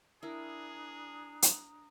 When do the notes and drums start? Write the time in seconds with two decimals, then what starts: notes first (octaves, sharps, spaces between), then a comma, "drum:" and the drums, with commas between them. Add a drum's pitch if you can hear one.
0.23 D4 E4 G#4 A#4 A#5 D#6
1.42 drum: hi-hat